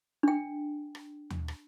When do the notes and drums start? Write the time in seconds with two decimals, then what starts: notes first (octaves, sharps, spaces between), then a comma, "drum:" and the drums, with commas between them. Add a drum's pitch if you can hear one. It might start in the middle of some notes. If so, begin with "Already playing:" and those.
0.23 D4 G5
0.95 drum: rim click
1.30 drum: tom D#2
1.48 drum: rim click